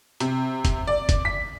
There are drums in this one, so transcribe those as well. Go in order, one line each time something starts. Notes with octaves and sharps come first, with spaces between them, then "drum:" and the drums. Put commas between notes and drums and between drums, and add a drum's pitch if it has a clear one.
C3, drum: hi-hat
drum: kick, hi-hat
D5
drum: kick, hi-hat
B6